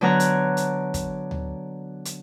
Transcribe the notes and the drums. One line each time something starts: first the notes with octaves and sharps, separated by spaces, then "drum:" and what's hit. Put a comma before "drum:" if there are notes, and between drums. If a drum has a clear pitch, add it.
D3 F#3 B3 C#5 A#5 F#6
drum: hi-hat
drum: hi-hat
drum: kick, hi-hat
drum: tom D2
drum: hi-hat